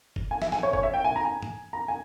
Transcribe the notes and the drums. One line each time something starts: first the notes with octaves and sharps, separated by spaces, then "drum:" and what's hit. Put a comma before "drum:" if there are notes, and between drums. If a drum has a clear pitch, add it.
drum: kick F#1
G#5
E5, drum: snare
G#5, drum: snare
C#5
C#5, drum: kick F#1
E5
G5
G#5
A#5
G#5
drum: tom G#2
A#5
G#5